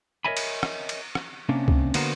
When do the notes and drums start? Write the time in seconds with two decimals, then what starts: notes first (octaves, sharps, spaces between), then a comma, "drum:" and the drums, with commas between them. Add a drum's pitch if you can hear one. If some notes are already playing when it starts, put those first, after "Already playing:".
0.25 A#4 C#5 D#5 E5 G#5 B5
0.37 drum: cymbal
0.63 drum: rim click
0.89 drum: cymbal
1.15 drum: rim click
1.49 C3 A#3 C#4 D4
1.68 drum: kick
1.94 D3 A#3 B3 F#4 A#4 C5, drum: cymbal